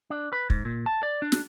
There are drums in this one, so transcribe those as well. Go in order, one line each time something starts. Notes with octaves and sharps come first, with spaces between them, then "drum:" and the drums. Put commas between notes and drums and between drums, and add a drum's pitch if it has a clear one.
D4
B4
G#2, drum: kick
A#2
A5
D5
D4
drum: snare